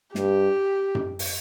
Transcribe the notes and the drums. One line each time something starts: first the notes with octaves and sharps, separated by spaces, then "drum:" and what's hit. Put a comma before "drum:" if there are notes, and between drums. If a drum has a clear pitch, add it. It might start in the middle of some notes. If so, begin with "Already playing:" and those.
G2 G4, drum: snare
drum: tom F#2
drum: open hi-hat